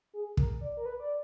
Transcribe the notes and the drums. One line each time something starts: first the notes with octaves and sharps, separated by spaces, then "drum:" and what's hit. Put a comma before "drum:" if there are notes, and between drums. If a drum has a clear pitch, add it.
G#4
A#4, drum: kick
D5
A#4
B4
D5